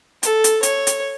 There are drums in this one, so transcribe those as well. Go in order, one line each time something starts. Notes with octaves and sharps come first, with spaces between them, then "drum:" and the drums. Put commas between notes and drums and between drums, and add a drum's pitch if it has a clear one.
A4, drum: hi-hat
drum: hi-hat
C#5, drum: hi-hat
drum: hi-hat